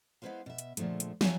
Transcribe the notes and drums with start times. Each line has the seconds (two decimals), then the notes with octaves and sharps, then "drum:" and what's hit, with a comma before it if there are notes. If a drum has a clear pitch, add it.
0.22 G#3 B3 E4 B4 C5 F5
0.46 B2 E5
0.58 drum: hi-hat
0.77 A#2 D3 F3 G#3 A3, drum: hi-hat
1.00 drum: hi-hat
1.21 F3 F#3 E5 G#5, drum: snare